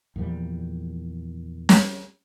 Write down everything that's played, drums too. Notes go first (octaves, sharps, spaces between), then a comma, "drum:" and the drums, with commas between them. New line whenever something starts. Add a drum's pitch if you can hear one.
E2 A#2 F3 G3
drum: snare